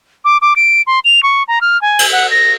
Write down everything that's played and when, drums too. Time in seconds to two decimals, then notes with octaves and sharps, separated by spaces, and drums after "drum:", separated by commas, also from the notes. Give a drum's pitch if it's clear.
0.25 D6
0.41 D6
0.56 D7
0.87 C6
1.04 F7
1.23 C#6
1.48 A#5
1.61 F6
1.81 G#5
1.99 drum: cymbal
2.12 F#5
2.31 A#6